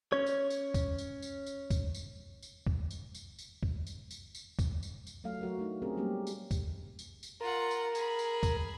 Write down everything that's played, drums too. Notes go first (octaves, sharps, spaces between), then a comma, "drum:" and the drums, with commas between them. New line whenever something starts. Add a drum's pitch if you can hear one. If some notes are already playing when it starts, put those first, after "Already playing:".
C#4 C#5
drum: tambourine
drum: tambourine
drum: kick C#2, tambourine
drum: tambourine
drum: tambourine
drum: tambourine
drum: kick C#2, tambourine
drum: tambourine
drum: tambourine
drum: kick C#2
drum: tambourine
drum: tambourine
drum: tambourine
drum: kick C#2
drum: tambourine
drum: tambourine
drum: tambourine
drum: kick C#2, tambourine
drum: tambourine
drum: tambourine
F#3 A3 A4 F5
F#3 F#4 A#4
A3 D4 D#4
C4 C#4 G4 G#4 A#4
F#3 G3 A#3 C#4 G4
drum: tambourine
drum: kick C#2, tambourine
drum: tambourine
drum: tambourine
F4 A#4 F#5
drum: tambourine
G#4 B5, drum: tambourine
drum: tambourine
drum: kick C#2, tambourine